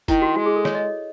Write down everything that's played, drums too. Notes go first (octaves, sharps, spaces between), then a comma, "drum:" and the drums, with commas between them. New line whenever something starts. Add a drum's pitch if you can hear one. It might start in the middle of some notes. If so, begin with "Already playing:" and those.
D#3 E4, drum: kick, hi-hat
F#4
G#3 F#4
G#4
A4
C#5, drum: snare
D#5